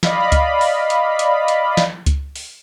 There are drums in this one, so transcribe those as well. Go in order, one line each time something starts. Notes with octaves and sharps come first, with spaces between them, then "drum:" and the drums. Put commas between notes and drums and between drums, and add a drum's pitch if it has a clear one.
D5 D#5 F5 B5, drum: snare
drum: kick C#2, hi-hat
drum: open hi-hat
drum: hi-hat
drum: hi-hat
drum: hi-hat
drum: snare
drum: kick C#2, hi-hat
drum: open hi-hat